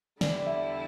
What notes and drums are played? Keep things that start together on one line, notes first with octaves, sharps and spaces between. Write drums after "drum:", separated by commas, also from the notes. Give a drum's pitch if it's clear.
E2 D3 G3 E4 D5, drum: snare
E5